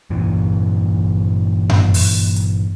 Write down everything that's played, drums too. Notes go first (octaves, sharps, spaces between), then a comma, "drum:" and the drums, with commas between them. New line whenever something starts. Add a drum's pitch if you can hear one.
G2 A#2 E3
drum: tom F#2
drum: open hi-hat
drum: hi-hat